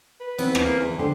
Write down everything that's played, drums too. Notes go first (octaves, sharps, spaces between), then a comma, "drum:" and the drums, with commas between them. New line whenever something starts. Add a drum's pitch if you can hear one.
B4
E3 B3 C4, drum: cymbal
drum: rim click
A#3
E2
D3 G4 C5